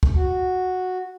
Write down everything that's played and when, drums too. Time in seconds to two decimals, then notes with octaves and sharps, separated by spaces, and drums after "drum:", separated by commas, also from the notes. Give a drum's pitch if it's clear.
0.03 drum: kick
0.15 F#4